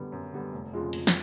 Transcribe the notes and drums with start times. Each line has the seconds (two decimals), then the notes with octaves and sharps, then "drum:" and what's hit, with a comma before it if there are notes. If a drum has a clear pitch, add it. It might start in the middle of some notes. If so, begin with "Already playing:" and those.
Already playing: F#2 D3 G3 B3
0.12 F#2
0.33 D3 G3 B3
0.53 F1
0.73 F2 C#3 F3 G#3
0.93 F1, drum: cymbal
1.07 drum: snare